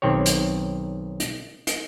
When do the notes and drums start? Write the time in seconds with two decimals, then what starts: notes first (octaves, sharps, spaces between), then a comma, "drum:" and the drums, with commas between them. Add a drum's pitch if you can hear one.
0.02 B1 D#3 C4 G4 C#5
0.26 drum: hi-hat
1.20 drum: hi-hat
1.67 drum: hi-hat